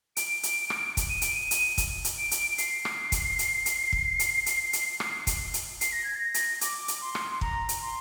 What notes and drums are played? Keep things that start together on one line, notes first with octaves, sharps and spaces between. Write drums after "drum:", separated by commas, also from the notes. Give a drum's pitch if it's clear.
D7, drum: hi-hat
drum: hi-hat
drum: rim click
drum: kick, hi-hat
D#7
D7, drum: hi-hat
D#7
drum: hi-hat
drum: kick, hi-hat
drum: hi-hat
D7
drum: hi-hat
C7, drum: hi-hat
drum: rim click
drum: kick, hi-hat
drum: hi-hat
drum: hi-hat
drum: kick
drum: hi-hat
drum: hi-hat
drum: hi-hat
drum: rim click
drum: kick, hi-hat
drum: hi-hat
C7, drum: hi-hat
A#6
G#6
A#6
drum: hi-hat
D6, drum: hi-hat
drum: hi-hat
C6
drum: rim click
C6
A#5, drum: kick
drum: hi-hat
C6